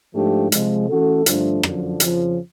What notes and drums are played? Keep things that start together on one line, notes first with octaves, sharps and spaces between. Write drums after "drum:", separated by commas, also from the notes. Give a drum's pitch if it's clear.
G#2 F3 A3 D4 G4
C3 F3 G#3, drum: hi-hat
E3 A3 C#4 F#4 A4
G2 D3 F3 A3 D4, drum: hi-hat
F#2 D3 F3, drum: rim click
F2 C#3 F3, drum: hi-hat